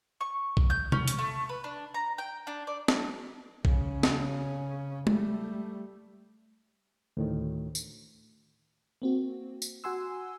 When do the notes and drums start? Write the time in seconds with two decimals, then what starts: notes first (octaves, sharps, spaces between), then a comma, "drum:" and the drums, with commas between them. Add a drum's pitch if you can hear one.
0.21 C#6
0.57 drum: kick B1
0.70 G6
0.92 C#4, drum: tom C3
1.08 drum: hi-hat
1.19 A3
1.49 B4
1.64 D4
1.94 A#5
2.18 G5
2.47 D4
2.67 D5
2.88 drum: snare
3.65 C#3 C#4, drum: kick B1
4.03 drum: snare
5.07 G3 A3, drum: tom G#3
7.17 D2 A2 D#3
7.75 drum: tambourine
9.02 A#3 C4 F#4
9.62 drum: tambourine
9.84 F#4 F#5 G#5 C6 E6